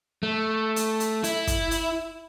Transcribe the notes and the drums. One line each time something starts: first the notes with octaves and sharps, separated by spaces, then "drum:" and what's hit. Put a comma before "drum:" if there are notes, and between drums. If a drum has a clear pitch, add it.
A3
drum: hi-hat
drum: hi-hat
E4, drum: hi-hat
drum: kick, hi-hat
drum: hi-hat